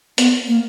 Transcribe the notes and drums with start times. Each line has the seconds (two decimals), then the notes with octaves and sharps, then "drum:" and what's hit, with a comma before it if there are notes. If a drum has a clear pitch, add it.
0.18 B3, drum: hi-hat
0.48 A#3